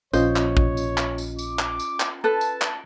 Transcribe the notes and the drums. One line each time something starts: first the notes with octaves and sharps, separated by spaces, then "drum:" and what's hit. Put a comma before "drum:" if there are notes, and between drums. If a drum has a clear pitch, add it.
A#1 C#4 F4 C5 C#5 D#5, drum: tambourine
drum: clap
drum: kick
drum: tambourine
drum: clap
drum: tambourine
D6, drum: tambourine
drum: clap
drum: tambourine
drum: clap
A4 B4 A5
drum: tambourine
drum: clap